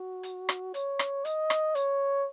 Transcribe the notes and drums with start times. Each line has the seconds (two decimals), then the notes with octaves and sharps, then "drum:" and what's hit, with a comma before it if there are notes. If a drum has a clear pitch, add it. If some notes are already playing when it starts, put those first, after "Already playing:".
Already playing: F#4
0.23 drum: hi-hat
0.49 drum: rim click
0.74 C#5, drum: hi-hat
0.99 drum: rim click
1.25 D#5, drum: hi-hat
1.50 drum: rim click
1.75 C#5, drum: hi-hat